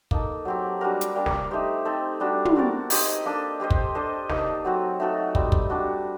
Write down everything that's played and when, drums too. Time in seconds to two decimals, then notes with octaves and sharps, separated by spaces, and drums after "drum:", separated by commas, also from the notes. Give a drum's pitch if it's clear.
0.11 A#3 D#4 A4, drum: kick
0.45 F#3 C4 G4
0.81 G3 D4 F#4 A#4
1.01 drum: hi-hat
1.16 G3 A#3 D4
1.26 drum: snare
1.51 A3 D#4 G4 C5
1.85 C4 D#4 A4
2.20 G3 D4 F#4
2.45 drum: tom
2.56 C4 F#4 A#4 D5
2.90 D#4 G4 C5 D#5, drum: open hi-hat
3.25 A#3 D4 A4 D#5
3.60 C4 G4 C5 D#5
3.71 drum: kick
3.95 D4 A4 C5 D#5
4.30 A#3 D#4 A4, drum: snare
4.65 F#3 C4 F#4
5.00 A3 D#4 F#4 A4
5.35 G3 C4 D#4, drum: kick
5.52 drum: kick
5.70 G3 D4 F#4